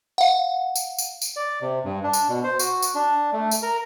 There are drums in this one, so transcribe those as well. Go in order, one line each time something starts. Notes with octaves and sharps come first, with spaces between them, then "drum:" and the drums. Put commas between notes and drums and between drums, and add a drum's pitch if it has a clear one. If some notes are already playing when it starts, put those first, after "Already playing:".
F5 F#5
drum: tambourine
drum: tambourine
drum: tambourine
D5
C3
G2
D4
drum: tambourine
B2
C5
F#4, drum: tambourine
drum: tambourine
D4
A3
drum: tambourine
A#4